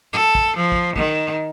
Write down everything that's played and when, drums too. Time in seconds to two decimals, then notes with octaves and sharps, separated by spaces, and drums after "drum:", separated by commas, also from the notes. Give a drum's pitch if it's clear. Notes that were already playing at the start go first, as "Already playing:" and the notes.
0.13 A4
0.35 drum: kick
0.57 F3
0.72 drum: kick
0.96 D#3, drum: kick